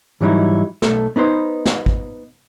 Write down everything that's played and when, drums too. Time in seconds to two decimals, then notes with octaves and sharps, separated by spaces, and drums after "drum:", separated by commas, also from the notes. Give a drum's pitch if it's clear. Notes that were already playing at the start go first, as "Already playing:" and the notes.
0.21 G#2 E3 F#3 G3 D#4 E4
0.82 B1 A3 A4, drum: snare
1.16 B3 D#4 B4 C5
1.65 drum: snare
1.86 drum: kick